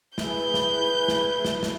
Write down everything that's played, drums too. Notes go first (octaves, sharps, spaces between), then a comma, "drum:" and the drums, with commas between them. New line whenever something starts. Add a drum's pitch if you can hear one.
E4 G#4 B4 G6, drum: snare
drum: snare
drum: snare
drum: snare
drum: snare